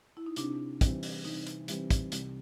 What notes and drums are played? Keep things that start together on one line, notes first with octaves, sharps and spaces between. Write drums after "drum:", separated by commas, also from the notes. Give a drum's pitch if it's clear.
E4
D#4
C3 D4, drum: hi-hat
E3 G3 C4, drum: kick, hi-hat
drum: open hi-hat
C3 D#4, drum: open hi-hat
drum: hi-hat
E3 G3 C4, drum: hi-hat
drum: kick, hi-hat
C2, drum: hi-hat